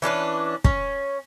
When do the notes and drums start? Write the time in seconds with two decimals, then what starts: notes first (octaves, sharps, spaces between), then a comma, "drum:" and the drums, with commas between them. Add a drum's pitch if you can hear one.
0.02 E3 C#4 D4 B4
0.65 C#4 C#5, drum: kick